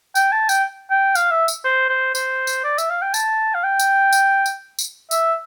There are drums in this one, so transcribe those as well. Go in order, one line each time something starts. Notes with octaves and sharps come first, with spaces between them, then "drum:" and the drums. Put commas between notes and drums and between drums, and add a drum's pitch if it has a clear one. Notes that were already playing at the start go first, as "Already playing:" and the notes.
G5, drum: tambourine
A5
G5, drum: tambourine
G5
F5, drum: tambourine
E5
drum: tambourine
C5
C5
C5, drum: tambourine
drum: tambourine
D5
E5, drum: tambourine
F5
G5
A5, drum: tambourine
F5
G5
drum: tambourine
drum: tambourine
drum: tambourine
drum: tambourine
E5, drum: tambourine